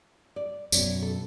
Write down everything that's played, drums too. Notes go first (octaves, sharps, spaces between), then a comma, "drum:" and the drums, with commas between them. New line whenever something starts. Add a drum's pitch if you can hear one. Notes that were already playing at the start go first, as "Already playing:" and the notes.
D5
F#2 B2 C#5 D5, drum: tambourine
A4